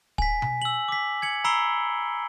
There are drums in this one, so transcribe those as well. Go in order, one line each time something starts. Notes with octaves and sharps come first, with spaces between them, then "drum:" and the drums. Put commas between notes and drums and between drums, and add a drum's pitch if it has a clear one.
G#5 B6, drum: kick
drum: tom B2
E6 F#7
D6 B6
G#6 C#7 F#7
A#5 B5 E6 C7 D7 G7